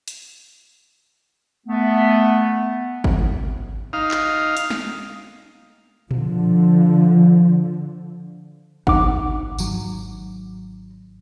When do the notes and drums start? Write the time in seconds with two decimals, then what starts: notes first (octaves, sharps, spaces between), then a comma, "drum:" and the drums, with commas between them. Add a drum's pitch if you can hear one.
0.08 drum: hi-hat
1.67 A3 B3
3.04 drum: kick G#1
3.93 D#4 F5
4.11 drum: clap
4.57 drum: hi-hat
4.70 drum: snare
6.11 D3 F3, drum: tom A#2
8.87 D#4 F#5 D6, drum: kick G#1
9.58 G#1 F#3, drum: tambourine